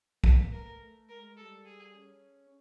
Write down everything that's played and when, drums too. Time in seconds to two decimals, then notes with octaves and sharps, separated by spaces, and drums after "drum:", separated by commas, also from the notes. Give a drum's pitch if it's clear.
0.24 A#3 B4, drum: kick
0.51 A3 A#4
0.80 A3
1.09 G#3 A#4
1.36 G3 A4
1.65 G#4
1.93 C#4